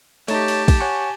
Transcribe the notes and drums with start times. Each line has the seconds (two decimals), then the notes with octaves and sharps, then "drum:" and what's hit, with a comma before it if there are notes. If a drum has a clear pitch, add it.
0.28 A3 D#4 G4 C#5 A5, drum: cymbal
0.48 drum: cymbal
0.68 drum: kick, cymbal
0.80 C#5 F#5 G#5 C#6